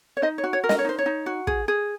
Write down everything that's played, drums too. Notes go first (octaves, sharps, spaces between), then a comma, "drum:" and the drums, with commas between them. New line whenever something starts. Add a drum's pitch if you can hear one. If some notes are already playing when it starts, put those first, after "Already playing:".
C#5
D#4 C5 D#5
C#5
F#4
C#5
A#4
D#5, drum: snare
C#5
D#4 C5
C#5
D#4
F#4
G#4, drum: kick
G#4